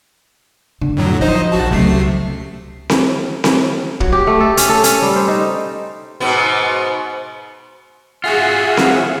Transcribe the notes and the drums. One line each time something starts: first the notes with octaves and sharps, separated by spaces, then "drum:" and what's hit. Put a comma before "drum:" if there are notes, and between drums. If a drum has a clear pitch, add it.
D3
F2 A2 F#3
F3 D#4 C5 D#5
A#1 F#4 A5
C#2 C3 F#3 A3 C7
drum: snare C4
drum: snare C4
F#3, drum: kick
G4
A3
A4
C#4, drum: hi-hat
A4
C#4, drum: hi-hat
G3
C5
D#4
G#2 B2 B3
F4 F#4 G#4 E5 F#5
drum: snare C4